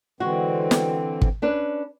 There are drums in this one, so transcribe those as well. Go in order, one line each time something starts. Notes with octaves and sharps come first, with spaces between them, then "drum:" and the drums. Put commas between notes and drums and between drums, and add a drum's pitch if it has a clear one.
D3 E3 G#3 C4 F#4
drum: snare
drum: kick
C#4 D4 B4